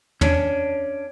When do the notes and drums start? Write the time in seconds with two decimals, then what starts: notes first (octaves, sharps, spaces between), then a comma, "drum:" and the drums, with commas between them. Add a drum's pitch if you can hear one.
0.21 C#4 D4, drum: tom